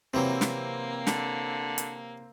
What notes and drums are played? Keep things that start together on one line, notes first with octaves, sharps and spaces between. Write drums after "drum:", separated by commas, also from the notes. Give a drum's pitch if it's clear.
C3 E3 F#3 A#3 C4
drum: snare
D3, drum: snare
drum: hi-hat